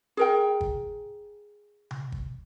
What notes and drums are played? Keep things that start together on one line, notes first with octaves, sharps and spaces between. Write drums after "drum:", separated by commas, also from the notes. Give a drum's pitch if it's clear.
G#4 A#4 G5
drum: kick
drum: tom C3
drum: kick